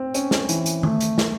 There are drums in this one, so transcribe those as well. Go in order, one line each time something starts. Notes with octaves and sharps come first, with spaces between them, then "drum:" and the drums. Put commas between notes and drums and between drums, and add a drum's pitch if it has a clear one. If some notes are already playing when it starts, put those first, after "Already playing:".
Already playing: C4
C#4, drum: hi-hat
drum: snare
E3, drum: hi-hat
drum: hi-hat
A3, drum: tom D#3
drum: hi-hat
drum: snare